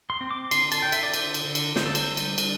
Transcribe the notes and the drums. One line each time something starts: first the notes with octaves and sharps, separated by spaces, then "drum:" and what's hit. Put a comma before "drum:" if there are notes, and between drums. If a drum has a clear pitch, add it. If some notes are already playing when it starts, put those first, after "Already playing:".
C6
C4
D6
D3 C6, drum: cymbal
A5, drum: cymbal
D3 G5
E5, drum: cymbal
D5
D3 C5, drum: cymbal
drum: cymbal
D3
drum: cymbal
D3 C5, drum: snare
A4
C5, drum: cymbal
G3
drum: cymbal
D4, drum: cymbal